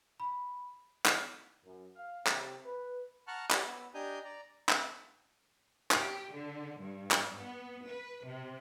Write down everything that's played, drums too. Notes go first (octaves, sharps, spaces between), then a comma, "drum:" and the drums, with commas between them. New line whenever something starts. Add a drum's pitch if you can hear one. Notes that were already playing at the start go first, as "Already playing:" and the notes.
B5
drum: clap
F#2
F5
C3, drum: clap
B4
F#5 A5 A#5 C#6 F6 F#6
G4 C#5 D5 F#5 G#5 C6, drum: clap
B3 E6
D4 G4 D#5 G#5 A#5 G6
D5 A#5
drum: clap
G4, drum: clap
D3
G2
drum: clap
B3
B4
C3